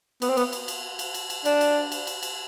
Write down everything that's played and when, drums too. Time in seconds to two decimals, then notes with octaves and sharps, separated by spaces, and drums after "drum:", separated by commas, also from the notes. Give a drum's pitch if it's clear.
0.22 B3, drum: cymbal
0.29 C4
0.37 B3, drum: cymbal
0.53 drum: cymbal
0.68 drum: cymbal
0.99 drum: cymbal
1.14 drum: cymbal
1.30 drum: cymbal
1.45 D4, drum: cymbal
1.61 drum: cymbal
1.92 drum: cymbal
2.07 drum: cymbal
2.23 drum: cymbal